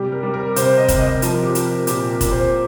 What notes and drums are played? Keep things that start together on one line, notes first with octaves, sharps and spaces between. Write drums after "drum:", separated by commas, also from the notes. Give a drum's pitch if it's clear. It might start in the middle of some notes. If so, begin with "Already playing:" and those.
Already playing: C3 G3 G4
A#4
G3
A#4
C3 C5, drum: hi-hat
D#5
C3, drum: kick F1, hi-hat
D#5
F3 A#4, drum: hi-hat
G4
F3, drum: hi-hat
A#4
A#2 G4, drum: hi-hat
A#4
A#2, drum: kick F1, hi-hat
C5